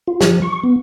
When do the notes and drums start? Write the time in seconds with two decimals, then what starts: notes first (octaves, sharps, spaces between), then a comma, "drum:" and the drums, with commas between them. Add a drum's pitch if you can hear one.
0.08 F4
0.21 F3, drum: snare
0.42 C#6
0.63 B3